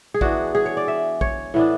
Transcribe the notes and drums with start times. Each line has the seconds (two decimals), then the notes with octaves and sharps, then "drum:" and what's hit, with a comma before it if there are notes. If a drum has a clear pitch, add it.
0.14 G#4
0.21 E3 B3 D4 F#4, drum: kick
0.55 G#4
0.66 C#5
0.77 D5
0.88 E5
1.21 C#5, drum: kick
1.54 A2 E3 B3 D4